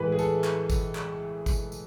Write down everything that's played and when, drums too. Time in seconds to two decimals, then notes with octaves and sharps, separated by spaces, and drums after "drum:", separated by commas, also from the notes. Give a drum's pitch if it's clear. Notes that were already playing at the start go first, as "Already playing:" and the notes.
Already playing: A2 E3 G#3 B4
0.12 G#4
0.19 A4, drum: tambourine
0.44 drum: clap
0.70 drum: kick G#1, tambourine
0.95 drum: clap
1.46 drum: kick G#1, tambourine
1.72 drum: tambourine